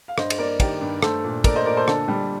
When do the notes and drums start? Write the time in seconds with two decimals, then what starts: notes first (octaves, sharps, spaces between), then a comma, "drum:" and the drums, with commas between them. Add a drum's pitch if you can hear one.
0.08 F5
0.18 G2 C5 D#5, drum: rim click
0.30 D#5, drum: cymbal
0.38 A#3 A#4 D5
0.60 D#3 G4 A#4, drum: kick, cymbal
0.81 G2
1.02 A3 A4 C5, drum: rim click
1.24 A#2
1.44 A3 A#4 D5, drum: kick, cymbal
1.55 C5 D#5
1.65 A#2 A#4 D5
1.77 A4 C5
1.88 D3 A4, drum: rim click
2.08 G3